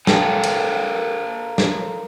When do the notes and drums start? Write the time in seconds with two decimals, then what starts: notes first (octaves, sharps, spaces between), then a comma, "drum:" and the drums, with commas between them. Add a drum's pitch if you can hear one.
0.07 A4 A#4 C5 F5 G5 A5, drum: snare
0.43 drum: cymbal
1.58 drum: snare